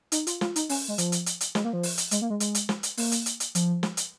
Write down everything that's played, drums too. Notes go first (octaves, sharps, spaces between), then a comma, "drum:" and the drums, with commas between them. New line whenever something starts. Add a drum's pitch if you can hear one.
D#4, drum: hi-hat
F4, drum: hi-hat
F4, drum: snare
D#4, drum: hi-hat
C#4, drum: open hi-hat
G#3
F3, drum: hi-hat
drum: hi-hat
drum: hi-hat
drum: hi-hat
G#3, drum: snare
A#3
F3
drum: open hi-hat
drum: hi-hat
G#3, drum: hi-hat
A#3
G#3
G#3, drum: hi-hat
drum: hi-hat
drum: snare
drum: hi-hat
A#3, drum: open hi-hat
drum: hi-hat
drum: hi-hat
drum: hi-hat
F3, drum: hi-hat
drum: snare
drum: hi-hat